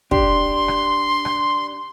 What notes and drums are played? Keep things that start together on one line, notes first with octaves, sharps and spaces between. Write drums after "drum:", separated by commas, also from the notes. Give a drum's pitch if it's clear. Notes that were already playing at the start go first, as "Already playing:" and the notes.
D4 G4 C6, drum: kick
drum: rim click
drum: rim click